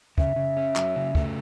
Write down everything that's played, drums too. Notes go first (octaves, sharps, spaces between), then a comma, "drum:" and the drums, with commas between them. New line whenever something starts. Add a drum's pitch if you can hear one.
C#3 E5, drum: kick
C#3
C#4
F#3, drum: clap
C#3
A3, drum: kick